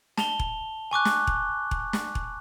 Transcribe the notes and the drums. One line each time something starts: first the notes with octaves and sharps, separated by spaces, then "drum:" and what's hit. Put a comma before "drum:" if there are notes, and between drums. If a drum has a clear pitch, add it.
A5 F7 G7, drum: snare
drum: kick E1
G#5 C#6 D6 F#6
drum: snare
drum: kick E1
drum: kick E1
drum: snare
drum: kick E1